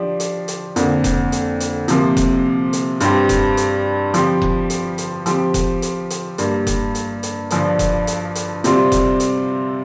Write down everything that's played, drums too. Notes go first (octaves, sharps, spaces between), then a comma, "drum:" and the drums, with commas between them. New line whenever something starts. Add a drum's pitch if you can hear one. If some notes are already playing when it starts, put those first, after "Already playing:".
Already playing: F3 D4 G4
drum: hi-hat
drum: hi-hat
F2 D3 A#3, drum: hi-hat
drum: kick F1, hi-hat
drum: hi-hat
drum: hi-hat
C3 F3 A#3, drum: hi-hat
drum: kick F1, hi-hat
drum: hi-hat
G2 G3 C4 G4, drum: hi-hat
drum: kick F1, hi-hat
drum: hi-hat
F3 C4 G4, drum: hi-hat
drum: kick F1
drum: hi-hat
drum: hi-hat
F3 C4 G4, drum: hi-hat
drum: kick F1, hi-hat
drum: hi-hat
drum: hi-hat
G2 G3 A#3, drum: hi-hat
drum: kick F1, hi-hat
drum: hi-hat
drum: hi-hat
G2 F3 D4, drum: hi-hat
drum: kick F1, hi-hat
drum: hi-hat
drum: hi-hat
C3 G3 C4 F4, drum: hi-hat
drum: kick F1, hi-hat
drum: hi-hat